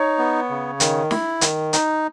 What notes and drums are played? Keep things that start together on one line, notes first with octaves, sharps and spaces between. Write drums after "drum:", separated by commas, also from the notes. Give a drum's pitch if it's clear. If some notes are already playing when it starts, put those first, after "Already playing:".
Already playing: D#4 C#5
B3
C#3
D#3, drum: hi-hat
E4, drum: snare
D#3, drum: hi-hat
D#4, drum: hi-hat